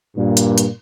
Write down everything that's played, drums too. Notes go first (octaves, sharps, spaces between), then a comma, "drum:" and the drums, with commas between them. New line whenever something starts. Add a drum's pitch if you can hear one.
G2 A#2
drum: hi-hat
drum: hi-hat